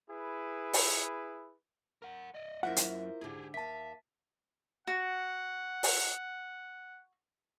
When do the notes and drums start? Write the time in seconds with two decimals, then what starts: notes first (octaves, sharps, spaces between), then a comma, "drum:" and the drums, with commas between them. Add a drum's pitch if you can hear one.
0.10 E4 G#4 B4
0.73 drum: open hi-hat
2.02 A#4 F#5
2.34 D5 D#5
2.63 F#2 A#3 E4 F4 C5 E5 F#5
2.76 drum: hi-hat
3.21 G#2 D3 G4 G#4
3.54 D#2 E5 F5 A5 B6
4.87 F#4 F#5
5.83 drum: open hi-hat